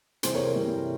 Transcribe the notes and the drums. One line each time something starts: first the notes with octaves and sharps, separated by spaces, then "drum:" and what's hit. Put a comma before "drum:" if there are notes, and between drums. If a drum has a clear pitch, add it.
C3 E3 G3 G#4 C5, drum: hi-hat
A#4 C#5
A#4 C#5
C3 E3 G3